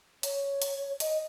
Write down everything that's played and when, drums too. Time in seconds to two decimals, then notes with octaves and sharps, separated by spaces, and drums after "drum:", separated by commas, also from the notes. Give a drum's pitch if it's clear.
0.23 C#5, drum: hi-hat
0.62 drum: hi-hat
1.00 D#5, drum: hi-hat